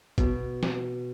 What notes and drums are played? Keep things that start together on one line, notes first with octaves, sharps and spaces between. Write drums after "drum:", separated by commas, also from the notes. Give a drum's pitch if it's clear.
B2, drum: kick, hi-hat
drum: snare